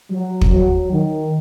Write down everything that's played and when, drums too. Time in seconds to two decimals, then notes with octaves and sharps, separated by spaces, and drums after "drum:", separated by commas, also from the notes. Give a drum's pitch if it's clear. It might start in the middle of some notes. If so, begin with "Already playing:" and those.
0.11 F#3
0.41 drum: kick
0.52 F#3
0.92 D#3